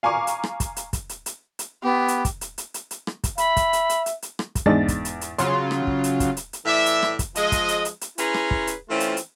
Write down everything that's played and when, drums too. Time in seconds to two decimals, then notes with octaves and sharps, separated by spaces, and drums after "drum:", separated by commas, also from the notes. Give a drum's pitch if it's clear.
0.03 F5 G#5 A#5 C#6 D6
0.27 drum: hi-hat
0.44 drum: rim click
0.60 drum: kick, hi-hat
0.76 drum: hi-hat
0.93 drum: kick, hi-hat
1.09 drum: hi-hat
1.26 drum: hi-hat
1.59 drum: hi-hat
1.83 B3 G4
2.08 drum: hi-hat
2.25 drum: kick, hi-hat
2.41 drum: hi-hat
2.58 drum: hi-hat
2.74 drum: hi-hat
2.91 drum: hi-hat
3.07 drum: rim click
3.24 drum: kick, hi-hat
3.38 E5 B5, drum: hi-hat
3.57 drum: kick, hi-hat
3.73 drum: hi-hat
3.90 drum: hi-hat
4.06 drum: hi-hat
4.22 drum: hi-hat
4.39 drum: rim click
4.55 drum: kick, hi-hat
4.66 E2 G#2 G#3 D4 A6
4.88 drum: kick, hi-hat
5.05 drum: hi-hat
5.21 drum: hi-hat
5.38 C#3 F#3 F4 C6, drum: hi-hat
5.71 drum: rim click
5.87 drum: kick
6.04 drum: hi-hat
6.20 drum: kick, hi-hat
6.37 drum: hi-hat
6.53 drum: hi-hat
6.65 A2 E3 D5 E5
6.86 drum: hi-hat
7.03 drum: rim click
7.19 drum: kick, hi-hat
7.35 F3 G#3 D#5, drum: hi-hat
7.52 drum: kick, hi-hat
7.68 drum: hi-hat
7.85 drum: hi-hat
8.01 drum: hi-hat
8.18 C#4 E4 G#4 B4 A#5 C6, drum: hi-hat
8.34 drum: rim click
8.51 drum: kick
8.67 drum: hi-hat
8.89 E3 A3 C4 C#4 F4
9.00 drum: hi-hat
9.17 drum: hi-hat